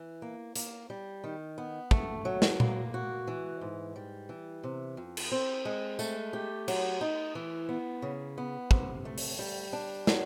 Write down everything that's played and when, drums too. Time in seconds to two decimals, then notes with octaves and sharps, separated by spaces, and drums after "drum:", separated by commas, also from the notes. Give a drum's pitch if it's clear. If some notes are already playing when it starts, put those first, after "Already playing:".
Already playing: E3
0.22 A#3
0.56 A#3, drum: hi-hat
0.90 G3
1.24 D#3
1.58 B3
1.91 A3, drum: kick
2.25 F#3
2.42 drum: snare
2.60 A#3, drum: tom A#2
2.94 F#4
3.27 E3
3.61 G#2
3.96 G3
4.29 E3
4.64 C3
4.97 F2
5.17 drum: cymbal
5.32 C4
5.65 G#3
5.99 A3, drum: tambourine
6.33 G4
6.68 F#3, drum: cymbal
7.01 D#4
7.35 E3
7.69 B3
8.02 C#3
8.38 B3
8.71 C3, drum: kick
9.05 A3
9.18 drum: open hi-hat
9.39 G3
9.73 D4
10.07 F#3, drum: snare